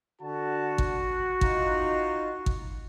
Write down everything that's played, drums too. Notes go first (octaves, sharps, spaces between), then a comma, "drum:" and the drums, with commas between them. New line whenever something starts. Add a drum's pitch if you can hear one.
D3 F#4 A5
drum: kick G#1
D#4 F4, drum: kick G#1
drum: kick G#1